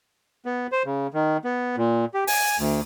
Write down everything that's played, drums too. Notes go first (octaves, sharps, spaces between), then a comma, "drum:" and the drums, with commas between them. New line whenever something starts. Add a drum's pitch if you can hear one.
B3
C5
C#3
D#3
B3
A#2
G4
G#5, drum: open hi-hat
D2